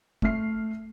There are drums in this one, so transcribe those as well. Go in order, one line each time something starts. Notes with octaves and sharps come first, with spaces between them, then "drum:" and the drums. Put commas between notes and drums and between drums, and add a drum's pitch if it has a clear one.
A3 E5 F6 C7, drum: kick